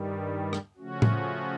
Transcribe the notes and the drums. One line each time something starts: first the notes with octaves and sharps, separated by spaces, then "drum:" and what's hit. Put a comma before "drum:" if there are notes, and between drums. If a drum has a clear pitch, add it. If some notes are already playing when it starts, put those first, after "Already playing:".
Already playing: G2 D#3 G3
drum: rim click
C#3 F3 A3 C#4 F#4
drum: tom A2